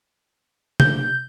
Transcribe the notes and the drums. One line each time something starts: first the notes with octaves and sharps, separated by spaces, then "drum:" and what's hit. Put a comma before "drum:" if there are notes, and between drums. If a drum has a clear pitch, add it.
G6, drum: tom